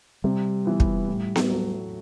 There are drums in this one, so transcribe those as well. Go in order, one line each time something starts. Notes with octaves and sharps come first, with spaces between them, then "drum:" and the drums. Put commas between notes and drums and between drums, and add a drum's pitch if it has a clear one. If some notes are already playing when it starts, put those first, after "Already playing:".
C3 G3
E3 B3
drum: kick
A2
drum: snare B3
F#3 A3